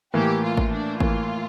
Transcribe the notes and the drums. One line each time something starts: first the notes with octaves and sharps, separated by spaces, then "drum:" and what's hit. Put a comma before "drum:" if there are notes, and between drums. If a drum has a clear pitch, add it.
A2 E3 A#3 G4
F4
drum: kick G#1
D4
A2 E3 A#3 F4, drum: kick G#1